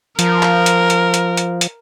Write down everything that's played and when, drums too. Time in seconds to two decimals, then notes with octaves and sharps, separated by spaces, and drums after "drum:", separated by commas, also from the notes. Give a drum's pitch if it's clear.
0.19 F3 A#4, drum: hi-hat
0.42 drum: clap
0.66 drum: hi-hat
0.90 drum: hi-hat
1.14 drum: hi-hat
1.37 drum: hi-hat
1.61 drum: hi-hat